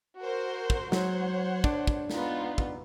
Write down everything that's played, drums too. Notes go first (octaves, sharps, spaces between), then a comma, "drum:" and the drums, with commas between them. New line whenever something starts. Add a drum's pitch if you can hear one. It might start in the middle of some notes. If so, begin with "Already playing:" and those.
F#4 A#4 C5
drum: kick
F#3 C5 C#5 F#5, drum: snare
D4, drum: kick
drum: kick
B3 D#4 F4, drum: snare
drum: kick